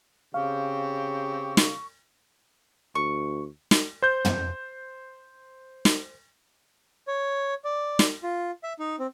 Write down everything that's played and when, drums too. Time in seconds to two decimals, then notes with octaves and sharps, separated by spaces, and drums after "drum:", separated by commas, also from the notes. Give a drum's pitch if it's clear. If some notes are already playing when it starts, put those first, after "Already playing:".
0.34 C#3 C4 G4 F5 C#6
1.57 drum: snare
2.95 D2 C#6
3.71 drum: snare
4.02 C5 G6
4.25 drum: tom
5.85 drum: snare
7.08 C#5
7.64 D5
7.99 drum: snare
8.23 F4
8.63 E5
8.79 D#4
8.99 C4